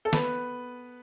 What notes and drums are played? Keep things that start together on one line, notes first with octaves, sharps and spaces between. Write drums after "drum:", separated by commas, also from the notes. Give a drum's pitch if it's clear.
A4
B3 B4, drum: snare